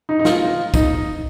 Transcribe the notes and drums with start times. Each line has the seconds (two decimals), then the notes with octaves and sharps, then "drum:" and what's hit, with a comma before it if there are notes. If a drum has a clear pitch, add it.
0.09 D#4
0.19 D#4
0.25 F4, drum: snare
0.74 D#4, drum: kick, tambourine